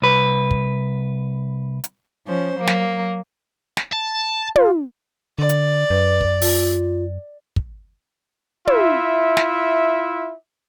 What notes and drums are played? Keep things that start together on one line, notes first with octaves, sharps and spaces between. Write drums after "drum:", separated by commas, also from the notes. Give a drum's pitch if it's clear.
C2 B4
drum: kick
drum: hi-hat
F3 C#4 C5
F#3 A#3
drum: snare
drum: snare
A5
F4, drum: tom
D3 D5
drum: hi-hat
F#2 B4
drum: kick
F4, drum: open hi-hat
drum: kick
E4 F4 E5, drum: tom
drum: snare